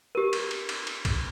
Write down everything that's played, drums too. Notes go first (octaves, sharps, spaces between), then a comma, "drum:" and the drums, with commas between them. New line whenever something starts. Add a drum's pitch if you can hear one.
G4 A#4
drum: cymbal
drum: cymbal
drum: cymbal
drum: cymbal
drum: kick, cymbal